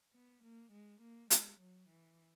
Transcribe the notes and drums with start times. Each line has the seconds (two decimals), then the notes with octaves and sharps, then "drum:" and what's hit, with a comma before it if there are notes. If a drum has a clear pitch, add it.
0.14 B3
0.44 A#3
0.72 G#3
1.01 A#3
1.30 G#3, drum: hi-hat
1.60 F#3
1.89 E3